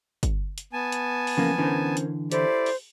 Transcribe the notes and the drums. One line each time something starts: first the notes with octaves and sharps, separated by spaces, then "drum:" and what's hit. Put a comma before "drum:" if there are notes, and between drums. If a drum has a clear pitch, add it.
drum: kick, hi-hat
drum: hi-hat
B3 G#5 A5
drum: hi-hat
drum: open hi-hat
C#3 E3 F3 A#3 C#4
D3 E3 C#4 A#4 C5
drum: hi-hat
E4 G4 A4 C5 D5, drum: hi-hat
drum: open hi-hat